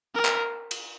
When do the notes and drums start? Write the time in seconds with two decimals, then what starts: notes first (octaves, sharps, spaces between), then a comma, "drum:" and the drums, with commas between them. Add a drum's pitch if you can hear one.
0.15 A#4
0.25 drum: clap
0.71 drum: cymbal